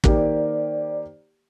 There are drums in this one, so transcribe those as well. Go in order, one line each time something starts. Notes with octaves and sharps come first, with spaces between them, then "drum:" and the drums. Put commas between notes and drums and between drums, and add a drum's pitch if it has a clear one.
D#3 A#3 G4 C5 D5, drum: kick